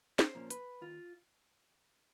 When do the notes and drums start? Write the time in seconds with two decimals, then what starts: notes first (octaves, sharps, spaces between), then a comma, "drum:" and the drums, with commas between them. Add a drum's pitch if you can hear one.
0.19 C5, drum: snare
0.35 A#2 F3 A#3 C#4
0.50 B4, drum: hi-hat
0.81 D#2 F4